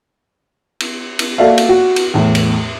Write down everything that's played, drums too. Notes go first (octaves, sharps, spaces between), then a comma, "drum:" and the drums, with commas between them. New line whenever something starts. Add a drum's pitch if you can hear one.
drum: cymbal
drum: cymbal
A#3 F#4 A4 D5 E5 F5
drum: cymbal
F#4
drum: cymbal
E2 A2
drum: cymbal